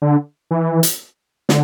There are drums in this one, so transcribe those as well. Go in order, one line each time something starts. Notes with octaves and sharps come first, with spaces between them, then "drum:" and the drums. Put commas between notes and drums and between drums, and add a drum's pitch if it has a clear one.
D3
E3
drum: hi-hat
D3, drum: snare